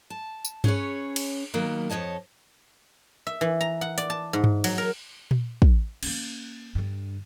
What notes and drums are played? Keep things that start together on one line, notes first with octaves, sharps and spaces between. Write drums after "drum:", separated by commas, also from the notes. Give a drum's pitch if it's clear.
A5
drum: tambourine
C#4 G#4 B4 C#5, drum: tom G2
drum: cymbal
D#3 F#3 A#3 B3
F2 E3 C#5 D#5 A5
E5
E3
A#5
F#5
D5, drum: hi-hat
A5
G#2
drum: tom G2
F#3, drum: cymbal
A#4
drum: tom A#2
drum: kick
A#3 C#4, drum: cymbal
G2 D3